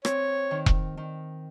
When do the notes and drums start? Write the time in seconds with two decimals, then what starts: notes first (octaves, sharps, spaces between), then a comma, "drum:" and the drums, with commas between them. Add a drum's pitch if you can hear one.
0.05 C4 C#5, drum: rim click
0.51 D#3
0.66 drum: kick E1
0.97 D#3